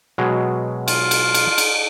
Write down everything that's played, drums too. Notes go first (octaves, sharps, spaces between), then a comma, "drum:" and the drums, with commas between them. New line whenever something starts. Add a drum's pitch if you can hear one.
B2 F#3 G#3
F4, drum: cymbal
drum: cymbal
drum: cymbal
drum: cymbal